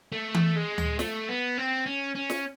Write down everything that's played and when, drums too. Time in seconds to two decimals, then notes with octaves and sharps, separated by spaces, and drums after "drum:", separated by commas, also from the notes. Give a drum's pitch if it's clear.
0.12 A3
0.34 drum: tom E3
0.56 G#3
0.78 drum: tom D2
0.99 A3, drum: snare
1.29 B3
1.58 C4
1.86 C#4
2.15 C#4
2.30 drum: snare